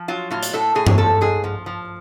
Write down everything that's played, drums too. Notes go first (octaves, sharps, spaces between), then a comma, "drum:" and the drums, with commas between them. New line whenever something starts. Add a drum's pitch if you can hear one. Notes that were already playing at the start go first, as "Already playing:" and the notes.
Already playing: F3
F#3 F4
A2 F4
drum: hi-hat
A2 A4
A2 G#4
drum: tom G2
F3 A4
G#2 G#4
F3
F3